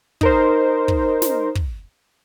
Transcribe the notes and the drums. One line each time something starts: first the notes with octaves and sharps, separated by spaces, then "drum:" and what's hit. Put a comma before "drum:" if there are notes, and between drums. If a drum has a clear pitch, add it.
D#4 A#4 C5, drum: kick
drum: kick
drum: snare
drum: kick